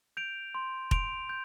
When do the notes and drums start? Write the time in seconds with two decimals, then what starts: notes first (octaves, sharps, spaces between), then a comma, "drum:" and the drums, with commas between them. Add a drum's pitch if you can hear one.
0.17 G6 D7 F7
0.55 C6
0.91 C6 D7 F7, drum: kick F1
1.29 G6